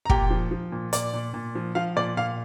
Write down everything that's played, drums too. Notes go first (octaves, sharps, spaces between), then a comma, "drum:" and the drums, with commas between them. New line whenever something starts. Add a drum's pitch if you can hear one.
A#5
A#2 G4 G5, drum: kick
F3
F3
A#2
A#2 D5, drum: hi-hat
A#2
A#2
F3
F3 F5
A#2 D5
A#2 F5